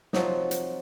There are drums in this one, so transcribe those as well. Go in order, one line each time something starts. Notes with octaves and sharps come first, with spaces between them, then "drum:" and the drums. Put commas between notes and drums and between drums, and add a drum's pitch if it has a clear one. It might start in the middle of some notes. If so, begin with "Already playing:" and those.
C3 F3 F#3 D#4, drum: snare
drum: hi-hat